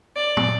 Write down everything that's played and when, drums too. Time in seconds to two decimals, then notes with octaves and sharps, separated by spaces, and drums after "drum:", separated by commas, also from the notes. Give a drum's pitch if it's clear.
0.15 D5
0.37 drum: tom